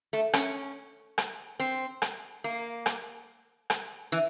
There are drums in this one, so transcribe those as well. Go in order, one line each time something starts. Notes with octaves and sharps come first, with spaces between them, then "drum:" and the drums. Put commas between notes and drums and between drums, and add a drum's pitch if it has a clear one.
A3
C#4, drum: rim click
drum: rim click
C4
drum: rim click
A#3
drum: rim click
drum: rim click
E3